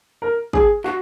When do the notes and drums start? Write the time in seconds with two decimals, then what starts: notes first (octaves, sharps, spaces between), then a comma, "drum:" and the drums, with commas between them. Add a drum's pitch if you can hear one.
0.22 A#4
0.53 G#4, drum: kick G#1
0.84 F#4, drum: clap